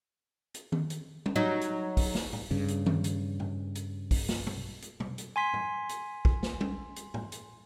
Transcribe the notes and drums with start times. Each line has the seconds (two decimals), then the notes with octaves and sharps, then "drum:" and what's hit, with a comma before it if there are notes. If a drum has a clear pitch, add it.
0.54 drum: hi-hat
0.72 drum: tom D#3
0.90 drum: hi-hat
1.26 drum: tom G3
1.36 F#3 D#4
1.61 drum: hi-hat
1.97 drum: kick, open hi-hat
2.15 drum: snare
2.33 drum: tom
2.51 G2 C#3
2.68 drum: hi-hat
2.86 drum: tom D#3
3.04 drum: hi-hat
3.40 drum: tom
3.75 drum: hi-hat
4.11 drum: kick, open hi-hat
4.29 drum: snare
4.47 drum: tom
4.82 drum: hi-hat
5.00 drum: tom
5.18 drum: hi-hat
5.36 G#5 C6 B6
5.54 drum: tom
5.89 drum: hi-hat
6.25 drum: kick
6.43 drum: snare
6.61 drum: tom G3
6.96 drum: hi-hat
7.14 drum: tom
7.32 drum: hi-hat